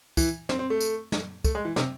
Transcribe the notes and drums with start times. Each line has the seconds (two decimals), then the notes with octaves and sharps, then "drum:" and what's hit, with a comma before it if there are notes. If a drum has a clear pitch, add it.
0.17 E3, drum: kick, tambourine
0.49 C4, drum: snare
0.59 C4
0.70 A3
0.81 drum: tambourine
1.12 drum: snare
1.44 A3, drum: kick, tambourine
1.55 G#3
1.65 E3
1.76 C3, drum: snare